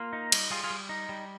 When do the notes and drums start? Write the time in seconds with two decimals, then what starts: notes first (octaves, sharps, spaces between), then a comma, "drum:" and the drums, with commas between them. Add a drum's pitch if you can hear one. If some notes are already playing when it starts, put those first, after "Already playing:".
Already playing: A#3 F4
0.13 D#4
0.32 G3, drum: cymbal
0.50 G3 F4 G#4
0.64 F4 G#4
0.70 G3
0.89 D#4
1.09 G3